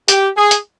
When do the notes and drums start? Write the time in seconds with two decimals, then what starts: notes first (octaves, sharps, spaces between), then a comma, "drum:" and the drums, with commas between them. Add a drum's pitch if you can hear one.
0.08 G4, drum: hi-hat
0.37 G#4
0.51 drum: hi-hat